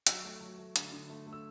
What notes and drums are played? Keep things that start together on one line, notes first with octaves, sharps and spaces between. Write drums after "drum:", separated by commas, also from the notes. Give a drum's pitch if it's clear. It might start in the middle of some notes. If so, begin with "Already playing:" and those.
F#3 E6, drum: hi-hat
A3
F#3
A3
D3, drum: hi-hat
D3
A3
A3
E6